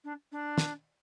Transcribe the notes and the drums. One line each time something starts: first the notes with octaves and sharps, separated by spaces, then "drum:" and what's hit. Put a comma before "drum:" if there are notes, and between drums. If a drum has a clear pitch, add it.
D4
D4
drum: snare